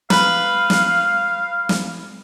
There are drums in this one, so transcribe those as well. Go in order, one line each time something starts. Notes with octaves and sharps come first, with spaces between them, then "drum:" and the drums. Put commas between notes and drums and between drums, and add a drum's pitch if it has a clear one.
B4 F5, drum: snare
drum: snare
drum: snare